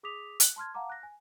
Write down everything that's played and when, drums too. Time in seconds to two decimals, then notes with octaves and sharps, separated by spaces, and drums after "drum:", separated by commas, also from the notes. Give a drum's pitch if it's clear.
0.03 G#4 D6 D#6 B6 F7
0.40 F#6, drum: hi-hat
0.56 A5 C6 F6 G#6
0.74 F5 F#5 A5 A#5 D6
0.90 F#6 A#6
1.03 G#5